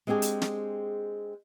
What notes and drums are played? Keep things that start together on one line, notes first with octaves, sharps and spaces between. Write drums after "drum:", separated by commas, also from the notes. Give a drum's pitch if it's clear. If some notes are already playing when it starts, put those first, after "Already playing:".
G#3 C4 D4 G4 G#4
drum: hi-hat
drum: snare